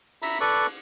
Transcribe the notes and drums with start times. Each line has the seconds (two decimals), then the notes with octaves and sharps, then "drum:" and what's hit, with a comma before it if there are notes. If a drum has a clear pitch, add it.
0.22 E5 A#5 B5, drum: cymbal
0.40 A4 B4 D5 C#6